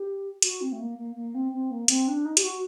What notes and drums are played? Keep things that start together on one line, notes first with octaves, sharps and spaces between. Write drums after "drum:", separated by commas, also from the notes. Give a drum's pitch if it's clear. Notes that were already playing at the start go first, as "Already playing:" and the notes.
Already playing: G4
F#4, drum: hi-hat
C4
A3
A#3
A#3
A#3
C4
C4
A#3
C4, drum: hi-hat
D4
D#4
G4, drum: hi-hat
F#4